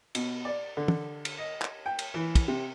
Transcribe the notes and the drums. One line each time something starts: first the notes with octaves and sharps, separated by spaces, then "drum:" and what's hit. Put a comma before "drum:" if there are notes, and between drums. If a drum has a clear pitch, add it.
B2, drum: cymbal
D5
D3
drum: tom
drum: cymbal
D#5
drum: clap
G5
drum: cymbal
E3
drum: kick, cymbal
C3